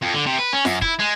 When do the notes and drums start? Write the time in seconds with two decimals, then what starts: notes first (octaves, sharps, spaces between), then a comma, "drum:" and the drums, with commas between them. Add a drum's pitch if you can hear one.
0.03 F2
0.14 D3
0.27 C3
0.39 B4
0.53 C#4
0.65 F#2, drum: snare F4
0.82 E4, drum: kick
0.99 G#3